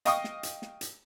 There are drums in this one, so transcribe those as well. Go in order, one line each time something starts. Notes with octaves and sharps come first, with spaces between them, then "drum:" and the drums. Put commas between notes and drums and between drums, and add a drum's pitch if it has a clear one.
D#5 F5 G5 C#6 D#6, drum: hi-hat
drum: snare
drum: hi-hat
drum: snare
drum: hi-hat